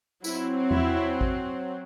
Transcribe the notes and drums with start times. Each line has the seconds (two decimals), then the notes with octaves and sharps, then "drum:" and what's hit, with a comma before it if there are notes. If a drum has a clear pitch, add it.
0.24 F#3 C4 E4, drum: tambourine
0.71 E4, drum: tom E2
1.21 drum: kick G#1